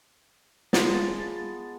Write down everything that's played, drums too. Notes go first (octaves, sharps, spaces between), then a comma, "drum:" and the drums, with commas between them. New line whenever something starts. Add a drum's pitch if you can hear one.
G#3 B3 F4 A5 A6, drum: snare